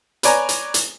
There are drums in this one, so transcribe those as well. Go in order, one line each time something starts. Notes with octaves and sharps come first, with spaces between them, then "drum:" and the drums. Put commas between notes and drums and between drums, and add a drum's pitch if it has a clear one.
B4 C#5 D5 G#5 A#5, drum: hi-hat
drum: hi-hat
drum: hi-hat